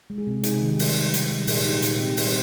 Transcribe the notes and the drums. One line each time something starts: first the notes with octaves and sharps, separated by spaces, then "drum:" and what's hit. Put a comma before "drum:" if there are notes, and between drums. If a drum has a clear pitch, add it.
G#3
G#4
C3
D#4 G#4, drum: hi-hat
D#3
G4
G3, drum: open hi-hat
G3
G3, drum: hi-hat
G3
A#2 G#4, drum: open hi-hat
G4
D#4
G#4
A#2, drum: hi-hat
C4 G4
G3 G#4, drum: open hi-hat
C5